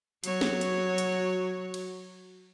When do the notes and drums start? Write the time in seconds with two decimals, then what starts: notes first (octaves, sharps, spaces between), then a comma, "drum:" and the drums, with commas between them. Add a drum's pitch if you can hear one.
0.24 F#3 F#4 C#5, drum: hi-hat
0.41 drum: snare
0.61 drum: hi-hat
0.98 drum: hi-hat
1.74 drum: cymbal